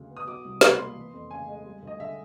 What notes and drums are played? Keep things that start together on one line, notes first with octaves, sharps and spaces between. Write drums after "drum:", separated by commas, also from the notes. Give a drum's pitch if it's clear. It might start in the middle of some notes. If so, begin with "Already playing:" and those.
Already playing: D2 C#3 F#3
B3
D#6
F#3 D6
C2
B2 C6, drum: snare
B5
A#3 C6
E3
F2
C#3 G#5
G#3
G3
D2 D#5
D3 E5